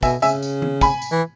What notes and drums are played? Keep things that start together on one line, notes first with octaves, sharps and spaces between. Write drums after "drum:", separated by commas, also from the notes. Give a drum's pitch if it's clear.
B2 E5 G#5, drum: kick, tambourine
C#3 E5 G#5, drum: tambourine
drum: tambourine
drum: tom D#3
G#5 B5, drum: kick, tambourine
drum: tambourine
E3